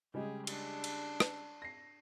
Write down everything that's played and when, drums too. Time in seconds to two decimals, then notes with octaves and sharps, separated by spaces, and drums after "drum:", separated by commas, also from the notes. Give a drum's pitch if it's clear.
0.14 C#3 G3 G#3 G4 G#4
0.47 D4 C6, drum: cymbal
0.84 drum: cymbal
1.20 drum: rim click
1.62 A#6 C7